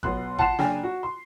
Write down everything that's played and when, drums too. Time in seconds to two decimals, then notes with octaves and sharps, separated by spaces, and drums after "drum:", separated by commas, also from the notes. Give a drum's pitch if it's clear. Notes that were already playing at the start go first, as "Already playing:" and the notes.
0.03 B1 B3 C6 F#6, drum: kick G#1
0.38 F#5 A5 C6 F#6 C7 E7, drum: kick G#1
0.58 F#1 D4 G5 G#5 A#5 F6, drum: snare
0.83 F#4
1.03 C6